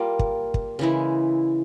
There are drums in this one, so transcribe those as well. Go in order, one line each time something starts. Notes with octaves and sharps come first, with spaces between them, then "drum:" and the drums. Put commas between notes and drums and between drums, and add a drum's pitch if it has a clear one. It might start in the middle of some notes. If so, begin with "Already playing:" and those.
Already playing: G3 A#3 F4
drum: kick
drum: kick
C#3 E3 G#3 E4